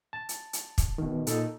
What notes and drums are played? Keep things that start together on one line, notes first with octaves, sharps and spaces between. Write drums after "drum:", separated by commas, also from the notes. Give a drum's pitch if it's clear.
A5
drum: hi-hat
drum: hi-hat
drum: kick, hi-hat
B2 D#3
A#2 D#4 A4, drum: hi-hat